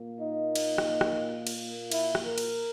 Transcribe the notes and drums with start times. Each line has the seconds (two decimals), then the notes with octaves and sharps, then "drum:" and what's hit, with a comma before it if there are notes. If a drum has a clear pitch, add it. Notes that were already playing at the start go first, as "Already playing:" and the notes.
Already playing: A#2 A#3
0.21 D#4
0.56 drum: cymbal
0.78 drum: rim click
1.01 drum: rim click
1.47 drum: cymbal
1.91 E4, drum: cymbal
2.15 drum: rim click
2.27 A#4
2.38 drum: cymbal